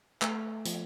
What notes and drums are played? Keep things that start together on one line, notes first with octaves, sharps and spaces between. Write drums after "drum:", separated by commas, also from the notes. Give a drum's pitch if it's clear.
A3, drum: clap
F3, drum: hi-hat